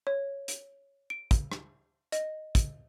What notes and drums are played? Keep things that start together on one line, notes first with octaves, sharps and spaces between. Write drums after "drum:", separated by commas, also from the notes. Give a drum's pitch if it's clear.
C#5
drum: hi-hat
D7
drum: kick, hi-hat
drum: rim click
D#5, drum: hi-hat
drum: kick, hi-hat